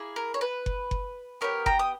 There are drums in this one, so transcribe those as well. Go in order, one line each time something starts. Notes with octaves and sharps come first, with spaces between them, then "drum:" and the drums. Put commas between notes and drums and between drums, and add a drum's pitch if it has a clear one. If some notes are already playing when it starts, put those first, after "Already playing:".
Already playing: A#3 E4 G#4
A#4
C#5
B4
drum: kick F#1
drum: kick F#1
B3 E4 G4 A#4 C#5
G5 A#5, drum: kick F#1
D#6